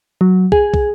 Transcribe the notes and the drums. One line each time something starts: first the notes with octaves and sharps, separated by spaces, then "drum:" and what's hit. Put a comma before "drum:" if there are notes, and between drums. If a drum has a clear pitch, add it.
F#3
G#4, drum: kick
drum: kick